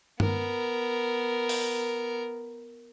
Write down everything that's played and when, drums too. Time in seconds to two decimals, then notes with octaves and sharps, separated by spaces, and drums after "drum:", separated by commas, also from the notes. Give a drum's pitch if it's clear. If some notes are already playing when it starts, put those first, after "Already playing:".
0.20 B3 A#4, drum: tom G2
1.49 drum: open hi-hat